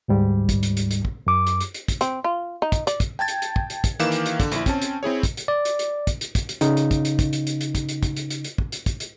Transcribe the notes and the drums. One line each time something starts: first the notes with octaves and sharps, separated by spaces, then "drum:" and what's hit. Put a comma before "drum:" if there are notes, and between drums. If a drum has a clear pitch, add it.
D2 G#2 G3
drum: kick, hi-hat
drum: hi-hat
drum: hi-hat
drum: hi-hat
drum: kick
F#2 D6
drum: hi-hat
drum: hi-hat
drum: hi-hat
drum: kick, hi-hat
C4, drum: hi-hat
F4
D#4
drum: kick, hi-hat
D5, drum: hi-hat
drum: kick, hi-hat
G5 A5 G#6 A6
drum: hi-hat
drum: hi-hat
drum: kick
drum: hi-hat
drum: kick, hi-hat
D#3 E3 A#3 F5 D6 E7, drum: hi-hat
drum: hi-hat
drum: hi-hat
D3, drum: kick, hi-hat
A#1 E4, drum: hi-hat
C4 C#4 A5, drum: kick, hi-hat
drum: hi-hat
C4 E4 G#4 C#5
drum: kick, hi-hat
drum: hi-hat
D5
drum: hi-hat
drum: hi-hat
drum: kick, hi-hat
drum: hi-hat
drum: kick, hi-hat
drum: hi-hat
C#3 D#4, drum: hi-hat
drum: hi-hat
drum: kick, hi-hat
drum: hi-hat
drum: kick, hi-hat
drum: hi-hat
drum: hi-hat
drum: hi-hat
drum: kick, hi-hat
drum: hi-hat
drum: kick, hi-hat
drum: hi-hat
drum: hi-hat
drum: hi-hat
drum: kick
drum: hi-hat
drum: kick, hi-hat
drum: hi-hat